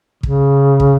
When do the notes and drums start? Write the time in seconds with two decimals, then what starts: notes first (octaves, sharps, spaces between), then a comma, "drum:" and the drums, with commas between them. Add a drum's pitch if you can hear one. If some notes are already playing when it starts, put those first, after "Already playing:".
0.23 C#3, drum: kick
0.80 drum: kick